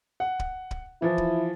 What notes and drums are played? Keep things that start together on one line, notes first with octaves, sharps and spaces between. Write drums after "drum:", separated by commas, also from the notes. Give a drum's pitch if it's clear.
F#5
drum: kick
drum: kick
E3 F3 E4
drum: kick